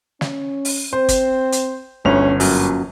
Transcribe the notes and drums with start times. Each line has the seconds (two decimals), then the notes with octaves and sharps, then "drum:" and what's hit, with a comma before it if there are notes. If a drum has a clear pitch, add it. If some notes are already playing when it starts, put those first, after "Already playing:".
0.21 C#4, drum: snare
0.65 drum: open hi-hat
0.93 C4 C5
1.09 drum: kick, hi-hat
1.52 drum: hi-hat
2.05 G1 D2 C#4 F7
2.40 F#2 A#2, drum: open hi-hat